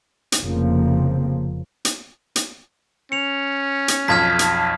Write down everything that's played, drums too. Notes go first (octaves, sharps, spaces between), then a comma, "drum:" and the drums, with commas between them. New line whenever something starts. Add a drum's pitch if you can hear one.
drum: hi-hat
F1 F2 C#3 F3 A#3 C4
drum: hi-hat
drum: hi-hat
C#4 C#7 F7
drum: hi-hat
B1 F2 F6 G#6 B6
drum: hi-hat